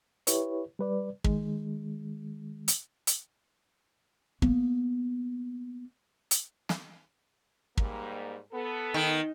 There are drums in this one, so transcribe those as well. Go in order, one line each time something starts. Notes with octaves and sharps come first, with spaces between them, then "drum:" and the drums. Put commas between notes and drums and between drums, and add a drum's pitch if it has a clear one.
E4 G4 B4 C#5, drum: hi-hat
G3 B4 D5
D#3 G#3, drum: kick
drum: hi-hat
drum: hi-hat
A#3 B3, drum: kick
drum: hi-hat
drum: snare
G#2 G3 A#3, drum: kick
B3 A4
D#3